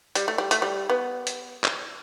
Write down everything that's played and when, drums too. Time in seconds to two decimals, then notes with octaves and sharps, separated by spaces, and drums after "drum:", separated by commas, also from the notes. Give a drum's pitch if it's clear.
0.15 G3, drum: hi-hat
0.28 A3
0.38 G3
0.51 A3, drum: hi-hat
0.62 G3
0.90 B3
1.27 drum: hi-hat
1.64 drum: clap